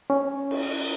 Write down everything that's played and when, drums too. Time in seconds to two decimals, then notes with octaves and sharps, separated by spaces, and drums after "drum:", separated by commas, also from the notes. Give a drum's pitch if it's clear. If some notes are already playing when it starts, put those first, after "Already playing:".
0.10 C#4
0.51 drum: cymbal